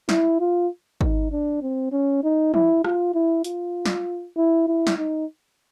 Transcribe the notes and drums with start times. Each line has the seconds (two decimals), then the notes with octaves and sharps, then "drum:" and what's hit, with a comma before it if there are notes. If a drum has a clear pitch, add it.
0.09 E4, drum: snare
0.40 F4
1.01 D#4, drum: kick
1.31 D4
1.62 C4
1.92 C#4
2.23 D#4
2.54 E4, drum: tom E3
2.84 F4, drum: rim click
3.14 E4
3.44 F4, drum: hi-hat
3.86 drum: snare
4.37 E4
4.68 E4
4.87 drum: snare
4.98 D#4